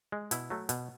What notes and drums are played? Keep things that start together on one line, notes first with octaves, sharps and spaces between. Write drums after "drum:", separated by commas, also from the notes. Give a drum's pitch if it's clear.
G#3
B2 E4, drum: hi-hat
F#3 A3
B2, drum: hi-hat